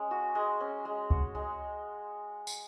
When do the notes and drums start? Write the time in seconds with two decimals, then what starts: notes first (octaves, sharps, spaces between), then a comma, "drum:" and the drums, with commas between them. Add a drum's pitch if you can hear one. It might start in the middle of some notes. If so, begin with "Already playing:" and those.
Already playing: G#3 C#4
0.11 F#4
0.35 G#3
0.61 C#4
0.85 G#3
1.10 F#4, drum: kick C#2
1.35 G#3
2.47 drum: tambourine